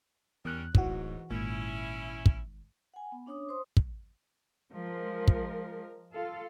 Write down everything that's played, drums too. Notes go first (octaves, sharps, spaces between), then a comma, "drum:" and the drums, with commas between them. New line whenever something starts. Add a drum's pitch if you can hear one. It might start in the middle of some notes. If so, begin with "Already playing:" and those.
E2 G3 C#4 A#4 F#6
D1 G#2 E3 F#3 D#4 F#4, drum: kick
G#1 A#2 C#4 E4
drum: kick
F#5 G#5
B3
C#4 D4 C#5 D6 D#6
C5 C6 D#6
drum: kick
F3 G#3 A#4
drum: kick
F4 A4 F5